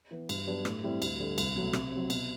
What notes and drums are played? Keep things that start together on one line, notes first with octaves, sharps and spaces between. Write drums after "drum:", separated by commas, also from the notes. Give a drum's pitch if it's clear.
E3 B3
G2, drum: cymbal
F#3 B3 D4 G4
A2, drum: rim click
G3 C4 E4 G4
D2, drum: cymbal
D3 G3
C2, drum: cymbal
B2 F#3 A3
C3, drum: rim click
F#3 C4
B2, drum: cymbal